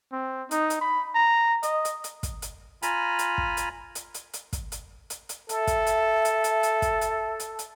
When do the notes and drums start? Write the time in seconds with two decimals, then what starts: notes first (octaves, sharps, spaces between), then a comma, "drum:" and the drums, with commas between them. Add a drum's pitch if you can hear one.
0.12 C4
0.51 D#4, drum: hi-hat
0.70 drum: hi-hat
0.81 B5
1.15 A#5
1.63 D#5, drum: hi-hat
1.85 drum: hi-hat
2.04 drum: hi-hat
2.23 drum: kick, hi-hat
2.42 drum: hi-hat
2.82 F4 G#5 A#5 B5, drum: hi-hat
3.19 drum: hi-hat
3.38 drum: kick
3.57 drum: hi-hat
3.95 drum: hi-hat
4.14 drum: hi-hat
4.33 drum: hi-hat
4.53 drum: kick, hi-hat
4.72 drum: hi-hat
5.10 drum: hi-hat
5.29 drum: hi-hat
5.49 A4 E5, drum: hi-hat
5.67 drum: kick, hi-hat
5.87 drum: hi-hat
6.25 drum: hi-hat
6.44 drum: hi-hat
6.63 drum: hi-hat
6.82 drum: kick, hi-hat
7.01 drum: hi-hat
7.40 drum: hi-hat
7.59 drum: hi-hat